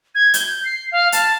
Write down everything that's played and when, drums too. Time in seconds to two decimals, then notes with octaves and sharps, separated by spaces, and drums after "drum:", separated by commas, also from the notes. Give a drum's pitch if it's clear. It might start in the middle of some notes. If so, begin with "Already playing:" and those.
0.15 G#6
0.34 G6, drum: hi-hat
0.65 C7
0.92 F5
1.12 A5, drum: hi-hat